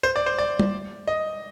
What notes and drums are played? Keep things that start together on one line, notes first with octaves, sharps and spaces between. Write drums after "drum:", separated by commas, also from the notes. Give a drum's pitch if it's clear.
C5
D5
C5
D5
drum: tom
D#5